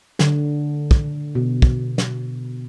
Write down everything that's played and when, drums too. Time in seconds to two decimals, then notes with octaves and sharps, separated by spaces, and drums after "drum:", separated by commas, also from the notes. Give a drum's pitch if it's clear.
0.19 D3, drum: snare
0.91 drum: kick
1.35 B2
1.62 drum: kick
1.98 drum: snare